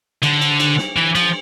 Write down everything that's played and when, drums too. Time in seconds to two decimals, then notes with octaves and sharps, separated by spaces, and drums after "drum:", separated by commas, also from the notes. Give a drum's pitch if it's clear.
0.23 D3, drum: cymbal
0.41 drum: cymbal
0.60 drum: cymbal
0.78 drum: snare
0.96 E3
1.15 F3, drum: cymbal